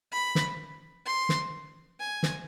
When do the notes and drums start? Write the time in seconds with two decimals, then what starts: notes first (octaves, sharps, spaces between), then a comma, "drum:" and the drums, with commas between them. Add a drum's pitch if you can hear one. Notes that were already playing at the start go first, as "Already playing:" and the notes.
0.12 B5
0.35 drum: snare
1.06 C6
1.29 drum: snare
2.00 G#5
2.23 drum: snare